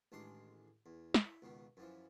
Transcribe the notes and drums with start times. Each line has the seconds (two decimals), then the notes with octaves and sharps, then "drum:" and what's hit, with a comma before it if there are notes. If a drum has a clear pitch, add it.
0.12 A1 D#3 G#3 D4 C6
0.86 E2
1.14 drum: snare
1.25 E4
1.42 C#2 B2 D#3
1.77 F#2 E3 F3